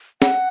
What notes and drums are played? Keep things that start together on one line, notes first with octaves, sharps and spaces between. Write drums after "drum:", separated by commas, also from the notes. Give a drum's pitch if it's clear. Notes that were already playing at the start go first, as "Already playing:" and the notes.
F#5, drum: snare